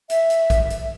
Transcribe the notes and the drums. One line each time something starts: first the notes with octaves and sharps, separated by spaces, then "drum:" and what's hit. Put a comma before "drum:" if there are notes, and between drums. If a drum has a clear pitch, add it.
E5, drum: hi-hat
drum: hi-hat
drum: kick A#1, hi-hat
drum: hi-hat